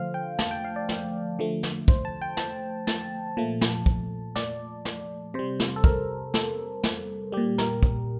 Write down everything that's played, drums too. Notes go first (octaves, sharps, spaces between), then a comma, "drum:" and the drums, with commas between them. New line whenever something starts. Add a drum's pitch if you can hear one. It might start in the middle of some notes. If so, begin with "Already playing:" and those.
Already playing: D3 F3 A3 C5 F5
G5
A5, drum: snare
G5
F5
D5
drum: snare
D3 F3 A3
drum: snare
C5, drum: kick
A5
G5
A5, drum: snare
A5, drum: snare
A#2 F3 A3
drum: snare
drum: kick
D5, drum: snare
drum: snare
C3 G3 C5
drum: snare
A4
A#4, drum: kick
A4, drum: snare
drum: snare
A#2 G3 G4
A#4, drum: snare
drum: kick